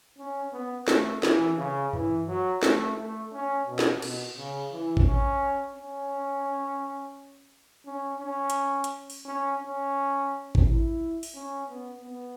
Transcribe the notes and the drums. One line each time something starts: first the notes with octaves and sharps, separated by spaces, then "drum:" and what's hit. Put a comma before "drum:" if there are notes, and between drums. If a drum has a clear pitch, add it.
C#4
B3
A3, drum: snare
E3, drum: snare
C#3
E3, drum: tom F#2
F#3
A3, drum: snare
A3
C#4
B2
drum: snare
B2, drum: cymbal
C#3
E3
drum: kick
C#4
C#4
C#4
C#4
drum: hi-hat
drum: hi-hat
drum: open hi-hat
C#4
C#4
drum: kick
E4
drum: open hi-hat
C#4
B3
B3